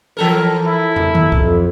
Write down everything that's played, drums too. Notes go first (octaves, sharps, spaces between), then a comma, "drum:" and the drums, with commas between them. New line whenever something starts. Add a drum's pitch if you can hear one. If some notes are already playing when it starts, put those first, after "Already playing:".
E3 A4 A#4
E4
drum: tom
drum: tom D#3
F2, drum: kick